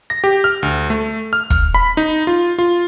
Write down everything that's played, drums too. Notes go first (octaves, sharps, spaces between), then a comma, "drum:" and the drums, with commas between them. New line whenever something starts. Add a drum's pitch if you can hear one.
A#6
G4
F6
D2
A3
F6
drum: kick
B5
D#4
F4
F4